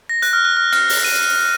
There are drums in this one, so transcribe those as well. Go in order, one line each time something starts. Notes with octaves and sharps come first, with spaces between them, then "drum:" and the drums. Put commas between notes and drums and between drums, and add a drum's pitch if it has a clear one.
A#6
F#6, drum: hi-hat
F6
F#6
F6
F6, drum: cymbal
drum: open hi-hat
D#7